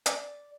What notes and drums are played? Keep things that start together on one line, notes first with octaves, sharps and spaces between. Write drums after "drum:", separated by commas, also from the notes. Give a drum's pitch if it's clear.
D5, drum: hi-hat